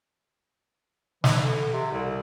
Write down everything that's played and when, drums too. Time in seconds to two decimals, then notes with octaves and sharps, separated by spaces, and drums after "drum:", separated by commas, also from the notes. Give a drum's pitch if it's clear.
1.24 E3, drum: snare
1.43 D3
1.73 C3
1.92 C2